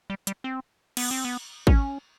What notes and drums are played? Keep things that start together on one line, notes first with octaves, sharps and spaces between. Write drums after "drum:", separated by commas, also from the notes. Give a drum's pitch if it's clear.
G3
G3, drum: hi-hat
C4
B3, drum: cymbal
C4
B3
C#4, drum: kick